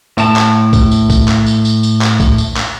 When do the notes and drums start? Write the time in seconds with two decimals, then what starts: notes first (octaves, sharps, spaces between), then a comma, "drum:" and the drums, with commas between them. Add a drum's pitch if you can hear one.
0.18 A2 A5, drum: tambourine
0.36 drum: clap
0.73 drum: kick, tambourine
0.91 drum: tambourine
1.10 drum: kick, tambourine
1.28 drum: clap
1.46 drum: tambourine
1.65 drum: tambourine
1.83 drum: tambourine
2.02 drum: clap
2.20 drum: kick, tambourine
2.38 drum: tambourine
2.57 drum: clap